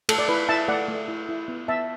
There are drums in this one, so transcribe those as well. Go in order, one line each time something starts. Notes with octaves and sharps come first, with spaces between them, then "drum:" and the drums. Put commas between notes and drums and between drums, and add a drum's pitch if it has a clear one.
A3 A4, drum: cymbal
D5
E4 B4
E4 E5 A5
A3 D5 F#5
A3
E4
E4
B3
B3 E5 A5